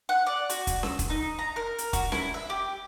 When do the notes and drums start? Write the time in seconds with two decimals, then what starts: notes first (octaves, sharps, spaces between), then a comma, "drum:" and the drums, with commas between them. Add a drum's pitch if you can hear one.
0.09 F#5
0.27 D5
0.50 F#4, drum: hi-hat
0.67 drum: kick, hi-hat
0.83 E6, drum: snare C#4
0.99 drum: kick, hi-hat
1.10 D#4
1.39 A#5
1.56 A#4
1.78 drum: hi-hat
1.93 F#4, drum: kick, hi-hat
2.12 E4, drum: snare C#4
2.34 E5
2.50 G4